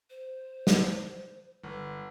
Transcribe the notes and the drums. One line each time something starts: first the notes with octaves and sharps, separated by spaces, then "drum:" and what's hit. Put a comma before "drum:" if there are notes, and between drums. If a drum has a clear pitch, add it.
C5
drum: snare
G1